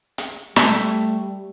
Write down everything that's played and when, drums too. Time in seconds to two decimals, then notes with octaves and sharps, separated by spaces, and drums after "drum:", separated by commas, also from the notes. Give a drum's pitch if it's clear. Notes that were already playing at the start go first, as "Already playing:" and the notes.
0.18 drum: hi-hat
0.56 G3 A3 E5, drum: snare